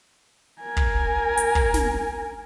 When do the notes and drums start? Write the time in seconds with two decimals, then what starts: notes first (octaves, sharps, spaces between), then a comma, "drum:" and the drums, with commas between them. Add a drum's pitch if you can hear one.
0.62 A#4 G#5
0.77 drum: kick
1.37 drum: hi-hat
1.55 drum: kick
1.74 drum: snare